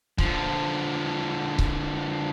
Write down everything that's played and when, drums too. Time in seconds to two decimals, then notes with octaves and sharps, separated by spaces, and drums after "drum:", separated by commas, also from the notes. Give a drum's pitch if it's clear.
0.18 D3 F3, drum: kick C#1
1.59 drum: kick C#1